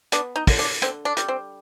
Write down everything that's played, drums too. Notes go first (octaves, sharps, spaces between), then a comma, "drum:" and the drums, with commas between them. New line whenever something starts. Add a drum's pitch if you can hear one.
B3 D4, drum: hi-hat
D#4
D3, drum: kick, open hi-hat
D4
D3 C4, drum: hi-hat
D4
G3, drum: hi-hat
C4